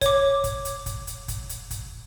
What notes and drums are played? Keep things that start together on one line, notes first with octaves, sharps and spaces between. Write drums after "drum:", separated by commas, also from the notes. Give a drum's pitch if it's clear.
C#5 D6, drum: kick, hi-hat
drum: kick, hi-hat
drum: hi-hat
drum: kick, hi-hat
drum: hi-hat
drum: kick, hi-hat
drum: hi-hat
drum: kick, hi-hat